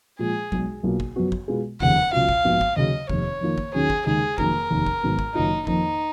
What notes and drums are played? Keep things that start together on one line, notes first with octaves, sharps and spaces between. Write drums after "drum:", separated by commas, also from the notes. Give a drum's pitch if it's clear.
A#2 F3 G#3 G#4
B1 B2 G#3, drum: kick
B1 B2 A#3 F4
drum: kick
F#2 F3 B3 F#4
drum: kick
B2 G#3 B3 F4 G#4
F1 D#2 C#3 F3 F#5, drum: kick
C#2 B2 F#3 C#4 F4 F5
drum: kick
A#1 G#2 F3 B3 F#4
drum: kick
D#2 C#3 F#3 D#5
F1 D#2 D#3 C#5, drum: kick
F2 D#3 A#3 F4
drum: kick
D#2 D#3 F#3 C#4 G#4
drum: kick
D#2 C#3 G#3 D#4 G#4
F1 F2 D#3 F#3 A#3 A#4, drum: kick
F1 D#2 D#3
drum: kick
G#1 G#2 F#3 B3
drum: kick
F#1 F#2 D#3 A#3 D#4 F4
F2 D#3 A#3 D#4, drum: kick